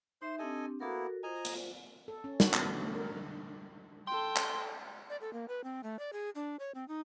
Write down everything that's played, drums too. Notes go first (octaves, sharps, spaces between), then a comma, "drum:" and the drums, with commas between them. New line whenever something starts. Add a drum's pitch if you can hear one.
D#4 C5 E5 C6
C4 D4 G4 A4 D#5 G#5
A#3 B3 E4 F#4 A4 A#4
F4 C5 D#5 G#5 A#5
drum: hi-hat
A4
C#4
F#4, drum: snare
B3, drum: clap
A3
A3
A#4
A4 G5 C6
drum: clap
D5
A4
A#3
B4
C4
A3
D5
G#4
D4
C#5
C4
D#4